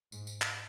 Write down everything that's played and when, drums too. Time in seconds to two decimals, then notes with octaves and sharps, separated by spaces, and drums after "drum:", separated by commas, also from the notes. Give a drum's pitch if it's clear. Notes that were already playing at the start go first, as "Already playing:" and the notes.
0.12 G#2, drum: tambourine
0.27 drum: tambourine
0.42 drum: clap